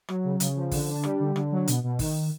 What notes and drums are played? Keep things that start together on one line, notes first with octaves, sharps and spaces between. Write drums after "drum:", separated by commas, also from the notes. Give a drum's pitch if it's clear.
F#3, drum: rim click
C#3
C#3, drum: hi-hat
F3
D3, drum: kick, open hi-hat
D4
G3, drum: rim click
D3
D3, drum: rim click
F#3
B2, drum: hi-hat
B2
D#3, drum: kick, open hi-hat